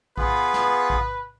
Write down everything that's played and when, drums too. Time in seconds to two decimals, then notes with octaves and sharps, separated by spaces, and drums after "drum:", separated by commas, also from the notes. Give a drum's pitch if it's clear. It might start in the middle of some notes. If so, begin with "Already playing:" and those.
0.18 B3 F4 G#4 B4, drum: kick A#1
0.54 drum: snare
0.90 drum: kick A#1